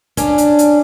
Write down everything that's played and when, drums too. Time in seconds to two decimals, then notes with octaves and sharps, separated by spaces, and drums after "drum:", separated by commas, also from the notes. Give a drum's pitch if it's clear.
0.17 C#4 D4, drum: kick, hi-hat
0.38 drum: hi-hat
0.59 drum: hi-hat